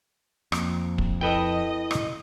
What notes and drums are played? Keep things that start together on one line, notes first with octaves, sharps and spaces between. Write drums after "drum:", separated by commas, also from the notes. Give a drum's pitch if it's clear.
F2 A#3, drum: rim click
drum: kick
E4 A4 B4 D#5 G5
drum: rim click